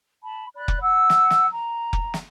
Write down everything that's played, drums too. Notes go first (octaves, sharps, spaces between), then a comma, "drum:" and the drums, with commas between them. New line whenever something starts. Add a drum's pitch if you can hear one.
A5 B5
D5 B5 F#6
drum: kick F1
F#5 E6
drum: snare
drum: snare
A#5
drum: kick F1
drum: snare